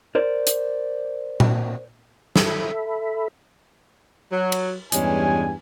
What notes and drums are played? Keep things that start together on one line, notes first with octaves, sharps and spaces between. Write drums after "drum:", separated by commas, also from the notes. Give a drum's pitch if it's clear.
A#4 C5 D5
drum: hi-hat
drum: tom A#2
A4 E5 B5, drum: snare
F#3
drum: cymbal
E2 G2 G3 G#3 C#4 G#5, drum: hi-hat